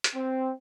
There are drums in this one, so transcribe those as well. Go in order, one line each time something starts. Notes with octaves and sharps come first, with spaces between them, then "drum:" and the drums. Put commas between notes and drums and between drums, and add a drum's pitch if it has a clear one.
drum: hi-hat
C4